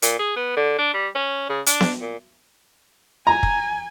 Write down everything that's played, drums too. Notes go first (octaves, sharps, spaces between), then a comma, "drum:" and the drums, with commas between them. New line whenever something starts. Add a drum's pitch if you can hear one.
A#2, drum: hi-hat
G#4
B3
D3
D4
G3
C#4
C#3
D4, drum: hi-hat
drum: snare B3
A#2
G#5 A#5
drum: kick